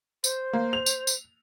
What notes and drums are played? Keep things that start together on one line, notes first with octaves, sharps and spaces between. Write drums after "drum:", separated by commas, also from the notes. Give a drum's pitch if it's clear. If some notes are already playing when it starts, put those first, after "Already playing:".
C5, drum: tambourine
A#3
F7
drum: tambourine
drum: tambourine